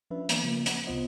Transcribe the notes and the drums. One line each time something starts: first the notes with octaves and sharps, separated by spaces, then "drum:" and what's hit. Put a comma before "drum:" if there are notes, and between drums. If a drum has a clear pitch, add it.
F3 C#4 D4 B4 E5
E3 A#3 B3 G6, drum: hi-hat
C#3 F3 A#3
F#5, drum: hi-hat
C#2 C3 B3 F4 C5 D#5